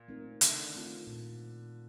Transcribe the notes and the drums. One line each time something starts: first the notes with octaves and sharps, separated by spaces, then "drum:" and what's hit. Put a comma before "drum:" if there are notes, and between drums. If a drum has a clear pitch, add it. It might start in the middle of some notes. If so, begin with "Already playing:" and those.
Already playing: A#2
A3 C4 D#4 A#4
D3 D#3, drum: hi-hat
A3 C4 F4
A#2